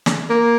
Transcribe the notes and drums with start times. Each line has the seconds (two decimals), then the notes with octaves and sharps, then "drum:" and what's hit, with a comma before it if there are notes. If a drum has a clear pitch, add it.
0.06 drum: snare
0.30 A#3